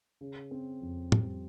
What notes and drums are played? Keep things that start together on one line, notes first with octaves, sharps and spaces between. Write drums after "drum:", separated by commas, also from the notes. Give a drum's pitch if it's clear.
C#3
C4
F2
G3, drum: tom